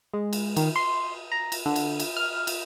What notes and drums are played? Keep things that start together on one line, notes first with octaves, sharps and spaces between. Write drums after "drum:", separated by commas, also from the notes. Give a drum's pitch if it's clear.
G#3
drum: cymbal
D#3, drum: cymbal
C6
A#5
drum: cymbal
D3
drum: cymbal
drum: cymbal
F6
drum: cymbal